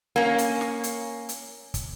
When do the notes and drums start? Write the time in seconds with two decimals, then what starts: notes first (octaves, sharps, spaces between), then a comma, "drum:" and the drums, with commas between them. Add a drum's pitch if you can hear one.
0.16 A#3 C#4
0.38 drum: hi-hat
0.61 drum: snare
0.84 drum: hi-hat
1.29 drum: hi-hat
1.74 drum: kick, hi-hat